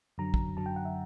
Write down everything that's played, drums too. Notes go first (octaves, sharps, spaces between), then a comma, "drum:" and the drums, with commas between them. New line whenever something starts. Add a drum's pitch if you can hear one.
F#2 D3 F#3 A#5
drum: kick
F#2 D3 F#3 A5
G5
F#5
E5